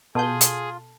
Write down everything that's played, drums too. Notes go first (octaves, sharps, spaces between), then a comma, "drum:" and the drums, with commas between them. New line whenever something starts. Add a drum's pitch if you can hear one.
B2 F4 G#4 A4 A5 G6
drum: hi-hat